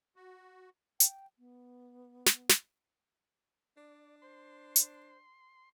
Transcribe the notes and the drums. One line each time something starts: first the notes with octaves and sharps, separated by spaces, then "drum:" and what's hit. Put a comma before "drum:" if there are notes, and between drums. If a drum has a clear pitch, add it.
F#4
G5, drum: hi-hat
B3
drum: snare
drum: snare
D4 D5
C5 C6
drum: hi-hat